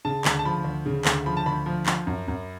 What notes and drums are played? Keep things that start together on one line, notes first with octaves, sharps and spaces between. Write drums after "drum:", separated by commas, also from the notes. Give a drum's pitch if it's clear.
C#3 A5
D2, drum: clap
A5
F3 B5
D2
C#3
D2, drum: clap
F3 B5
A5
D2 B5
F3
F3, drum: clap
F#2
F#2